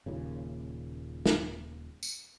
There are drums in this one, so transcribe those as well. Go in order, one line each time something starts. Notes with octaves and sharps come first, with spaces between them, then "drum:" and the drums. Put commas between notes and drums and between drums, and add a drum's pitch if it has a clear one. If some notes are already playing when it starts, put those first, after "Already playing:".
D#1 D#2 A#2 C#3
drum: snare
drum: tambourine